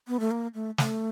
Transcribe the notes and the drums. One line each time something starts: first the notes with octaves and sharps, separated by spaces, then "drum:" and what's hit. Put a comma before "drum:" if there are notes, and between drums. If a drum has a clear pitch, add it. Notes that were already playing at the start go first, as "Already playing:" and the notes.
B3
A3
A#3
A3
A3, drum: snare